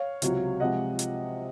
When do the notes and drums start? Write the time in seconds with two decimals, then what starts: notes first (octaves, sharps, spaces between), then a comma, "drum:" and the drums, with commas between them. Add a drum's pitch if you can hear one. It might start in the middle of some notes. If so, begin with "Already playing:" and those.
Already playing: C#5 F5
0.22 C#2 C3 F#3, drum: hi-hat
0.60 C3 F3 G#3 D#5 F#5
0.99 drum: hi-hat